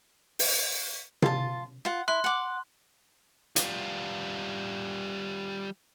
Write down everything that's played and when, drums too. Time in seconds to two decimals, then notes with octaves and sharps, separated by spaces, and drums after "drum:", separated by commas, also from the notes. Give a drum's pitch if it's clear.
0.39 drum: open hi-hat
1.22 F4 A5, drum: tom C3
1.85 F4 F#5
2.08 E4 C6 F#6
2.24 F#5 D6
3.56 G3 F4, drum: hi-hat